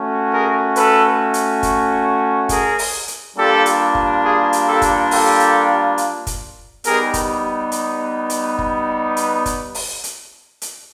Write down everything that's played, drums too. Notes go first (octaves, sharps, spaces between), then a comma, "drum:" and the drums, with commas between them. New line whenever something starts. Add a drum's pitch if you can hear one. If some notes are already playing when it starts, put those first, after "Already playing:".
Already playing: A3 C#4 F#4
G#4 A#4
A4 B4, drum: hi-hat
drum: hi-hat
drum: kick, hi-hat
G#4 A#4, drum: kick, hi-hat
drum: open hi-hat
drum: hi-hat
G3 A#3 D4 F4 G4 A4
drum: hi-hat
drum: kick
G#4
drum: hi-hat
G4 A4
drum: kick, hi-hat
G4 A4, drum: open hi-hat
drum: hi-hat
drum: hi-hat
drum: kick, hi-hat
G3 B3 D#4 G4 G#4 A#4, drum: hi-hat
drum: kick, hi-hat
drum: hi-hat
drum: hi-hat
drum: kick
drum: hi-hat
drum: kick, hi-hat
drum: open hi-hat
drum: hi-hat
drum: hi-hat